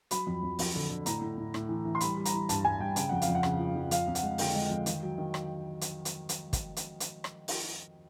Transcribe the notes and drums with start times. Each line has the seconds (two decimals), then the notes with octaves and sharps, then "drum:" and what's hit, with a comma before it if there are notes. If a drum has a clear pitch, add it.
0.11 F#3 B5, drum: hi-hat
0.27 F2
0.43 F2
0.59 F2, drum: open hi-hat
0.75 D3
0.89 D3
1.06 A2 A#5, drum: hi-hat
1.21 A2
1.38 A2
1.54 A2, drum: rim click
1.69 E3
1.85 E3
1.95 C6
2.01 G3 B5, drum: hi-hat
2.17 G3
2.25 A#5, drum: hi-hat
2.33 E3
2.49 G2 A5, drum: hi-hat
2.64 G2 G#5
2.80 G2 G5
2.96 C#3 G5, drum: hi-hat
3.09 F2 F#5
3.22 F5, drum: hi-hat
3.28 F2
3.35 F#5
3.43 C#3, drum: rim click
3.59 F3
3.76 F3
3.91 F2 F5, drum: hi-hat
4.08 F2
4.15 F#5, drum: hi-hat
4.23 G#3
4.38 D3 G5, drum: open hi-hat
4.54 G#3
4.70 F2
4.86 D#3, drum: hi-hat
5.03 F#3
5.18 D#3
5.34 drum: rim click
5.81 drum: hi-hat
6.05 drum: hi-hat
6.29 drum: hi-hat
6.53 drum: kick, hi-hat
6.76 drum: hi-hat
7.00 drum: hi-hat
7.24 drum: rim click
7.48 drum: open hi-hat